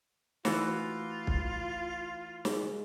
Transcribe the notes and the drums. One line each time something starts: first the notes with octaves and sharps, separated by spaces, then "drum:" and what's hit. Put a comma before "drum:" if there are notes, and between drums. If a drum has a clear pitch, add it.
E3 A3 F4 F#4, drum: snare
drum: kick
G#3 G#4, drum: snare